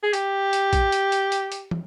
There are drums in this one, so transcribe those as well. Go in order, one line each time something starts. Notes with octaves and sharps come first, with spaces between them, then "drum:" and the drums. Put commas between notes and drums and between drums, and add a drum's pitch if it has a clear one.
G#4
G4, drum: hi-hat
drum: hi-hat
drum: kick, hi-hat
drum: hi-hat
drum: hi-hat
drum: hi-hat
drum: hi-hat
drum: tom